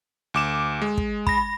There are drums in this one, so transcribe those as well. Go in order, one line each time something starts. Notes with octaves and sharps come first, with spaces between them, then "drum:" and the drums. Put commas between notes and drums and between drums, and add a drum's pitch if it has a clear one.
D2 D6 E7
G#3
drum: kick
B5 A#6, drum: kick